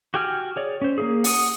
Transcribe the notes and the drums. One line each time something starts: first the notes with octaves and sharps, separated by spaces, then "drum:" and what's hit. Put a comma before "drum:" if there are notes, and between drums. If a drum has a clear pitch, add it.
F#4 G4 G5 G#5 F6
G#4 C#5 D5
C#4 C5
A#3 E4 G#4
F#5 D#6, drum: open hi-hat